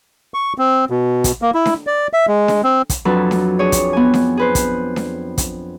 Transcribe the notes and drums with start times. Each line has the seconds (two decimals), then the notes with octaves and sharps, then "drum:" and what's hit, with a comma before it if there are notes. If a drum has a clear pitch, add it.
0.34 C#6
0.58 C4
0.90 B2
1.24 drum: kick, hi-hat
1.42 A#3
1.54 E4
1.66 drum: snare D4
1.87 D5
2.13 E5
2.28 G#3
2.48 drum: snare D4
2.64 C4
2.90 drum: kick, hi-hat
3.05 F2 F#3 D4 A4 B4
3.31 drum: snare D4
3.59 D4 G#4 C#5
3.72 drum: kick, hi-hat
3.93 B3 G#5
4.14 drum: snare D4
4.37 G#4 B4 C5
4.55 drum: kick, hi-hat
4.96 drum: snare D4
5.38 drum: kick, hi-hat